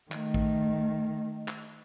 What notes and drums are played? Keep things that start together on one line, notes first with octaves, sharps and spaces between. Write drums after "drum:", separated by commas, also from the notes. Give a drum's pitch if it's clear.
D#3 A3, drum: clap
drum: kick
drum: clap